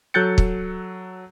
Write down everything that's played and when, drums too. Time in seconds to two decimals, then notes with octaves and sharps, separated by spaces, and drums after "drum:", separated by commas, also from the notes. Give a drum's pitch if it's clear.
0.14 F#3 A4 F#6 G6 A6 C#7
0.38 drum: kick